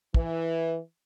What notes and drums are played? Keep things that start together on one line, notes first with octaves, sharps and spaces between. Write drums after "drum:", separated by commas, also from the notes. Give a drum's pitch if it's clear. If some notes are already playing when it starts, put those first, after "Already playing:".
E3, drum: kick